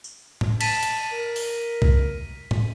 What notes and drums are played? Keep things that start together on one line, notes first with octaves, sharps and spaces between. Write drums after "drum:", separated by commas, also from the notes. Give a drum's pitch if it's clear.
drum: tambourine
drum: tom A2
A5 B6 D#7, drum: cymbal
drum: hi-hat
A#4
drum: open hi-hat
drum: kick C2
drum: tom A2